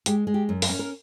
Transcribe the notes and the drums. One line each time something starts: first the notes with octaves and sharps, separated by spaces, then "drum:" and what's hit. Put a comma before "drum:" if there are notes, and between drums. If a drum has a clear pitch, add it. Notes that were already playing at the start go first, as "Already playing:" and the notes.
G#3 G4, drum: hi-hat
G#3
G4
F#2
A#4, drum: open hi-hat
C#4
A#4